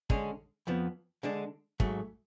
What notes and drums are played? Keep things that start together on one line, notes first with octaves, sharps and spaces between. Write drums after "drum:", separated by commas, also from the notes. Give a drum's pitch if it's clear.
D3 G#3 C#4, drum: kick
F2 F3 B3
D3 G#3 D4
G#2 F#3 A3, drum: kick